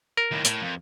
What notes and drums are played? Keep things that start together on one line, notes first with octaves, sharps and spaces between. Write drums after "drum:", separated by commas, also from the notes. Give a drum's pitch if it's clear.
A#4
D#2 A2
A2, drum: hi-hat
F2